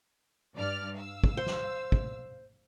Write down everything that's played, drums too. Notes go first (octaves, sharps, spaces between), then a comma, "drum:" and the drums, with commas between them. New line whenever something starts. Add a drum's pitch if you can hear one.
G2 D5 F6
F5 E6
drum: kick
C5
drum: snare
drum: kick